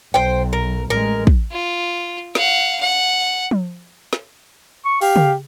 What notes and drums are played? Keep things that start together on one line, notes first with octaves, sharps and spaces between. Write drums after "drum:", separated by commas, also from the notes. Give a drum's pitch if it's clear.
B1 C5 G5
A#4
A1 G#3 A#4
drum: kick
F4
F5 F#5, drum: snare
F#5
drum: tom F3
drum: snare
C#6
G4 F5, drum: open hi-hat
drum: tom C#3